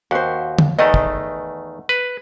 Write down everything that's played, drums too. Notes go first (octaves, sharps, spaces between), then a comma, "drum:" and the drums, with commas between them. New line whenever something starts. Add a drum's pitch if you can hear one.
D#2 F#4 C5
drum: tom D3
E2 D#3 A3 D#5
drum: kick
B4